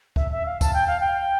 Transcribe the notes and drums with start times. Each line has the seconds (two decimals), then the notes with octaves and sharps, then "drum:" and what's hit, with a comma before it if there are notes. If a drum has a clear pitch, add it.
0.16 E5, drum: kick
0.31 E5
0.46 F5
0.61 A5, drum: kick, tambourine
0.74 G5
0.87 F5
1.00 G5